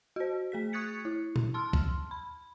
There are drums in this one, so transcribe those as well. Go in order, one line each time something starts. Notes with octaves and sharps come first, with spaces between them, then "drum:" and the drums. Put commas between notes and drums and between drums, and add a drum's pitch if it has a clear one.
F#4 C5
A3 G#4 B6
C#6 D#6 F#6 G#6 A6 C#7
E4
drum: tom A#2
A5 C6 E6 F6
drum: kick
B5